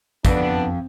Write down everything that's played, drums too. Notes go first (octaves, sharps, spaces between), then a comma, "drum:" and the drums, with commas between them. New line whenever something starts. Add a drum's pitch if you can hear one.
F2 B3 D4, drum: kick, tambourine